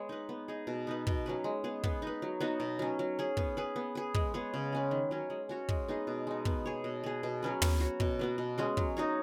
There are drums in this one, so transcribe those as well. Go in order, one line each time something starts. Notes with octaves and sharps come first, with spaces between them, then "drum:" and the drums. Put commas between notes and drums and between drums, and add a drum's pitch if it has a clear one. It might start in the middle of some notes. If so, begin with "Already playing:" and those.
Already playing: G#3 B3 G#4 C#5
D#4 B4
B3
D#4 G#4
B2
B3 D#4 B4
B2, drum: kick
F#3 C#4 B4
G#3
B3 G#4
B3, drum: kick
D#4 B4
F#3
B3 D#4 F#4
B2
F#3 C#4
F#3
C#4 G#4
B3, drum: kick
G#4 B4
B3
G#4 B4
G#3, drum: kick
B3 G#4 C#5
C#3
G#3 C#4 B4
D#3
F#3 C#4
G#3
C#4 F#4 C#5
G#3, drum: kick
B3 D#4 G#4
B2
G#3 D#4
B3, drum: kick
G#4 C#5
B2
B3 G#4
B2
F#3 C#4 B4
B3, drum: tom
F#4 C#5
B2, drum: kick
F#3 B3 F#4
B2
G#3 C#4 F#4
F#3, drum: kick
D#4 F#4 C#5